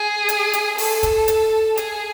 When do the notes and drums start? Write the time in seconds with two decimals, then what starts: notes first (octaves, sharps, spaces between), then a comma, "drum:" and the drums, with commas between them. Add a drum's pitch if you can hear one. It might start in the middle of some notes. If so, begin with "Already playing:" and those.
Already playing: G#4
0.29 drum: hi-hat
0.53 drum: hi-hat
0.78 A4, drum: open hi-hat
1.03 drum: kick, hi-hat
1.28 drum: hi-hat
1.77 G#4, drum: hi-hat